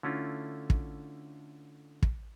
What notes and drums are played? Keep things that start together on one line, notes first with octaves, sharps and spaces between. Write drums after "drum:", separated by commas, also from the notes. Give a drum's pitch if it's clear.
D3 A3 C#4 E4 F4
drum: kick
drum: kick